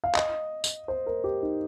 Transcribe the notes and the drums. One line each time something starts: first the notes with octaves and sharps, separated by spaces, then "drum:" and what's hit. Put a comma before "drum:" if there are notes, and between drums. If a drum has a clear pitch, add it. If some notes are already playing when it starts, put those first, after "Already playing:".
F5
D#5, drum: clap
drum: tambourine
C5
A#4
G4
D#4